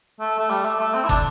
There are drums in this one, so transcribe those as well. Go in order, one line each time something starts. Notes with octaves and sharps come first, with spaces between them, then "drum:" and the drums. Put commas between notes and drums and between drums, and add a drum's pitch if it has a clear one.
A3
A3
G3
A3
A3
C4
E4
D4, drum: kick